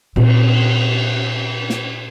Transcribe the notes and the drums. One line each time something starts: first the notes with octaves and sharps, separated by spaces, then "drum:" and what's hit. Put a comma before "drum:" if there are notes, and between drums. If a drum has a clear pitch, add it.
A#2 C4, drum: cymbal
drum: snare